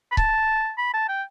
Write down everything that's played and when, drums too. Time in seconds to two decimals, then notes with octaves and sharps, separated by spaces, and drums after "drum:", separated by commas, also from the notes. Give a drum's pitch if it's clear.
0.12 B5
0.17 A5, drum: kick C#1
0.78 B5
0.94 A5
1.09 G5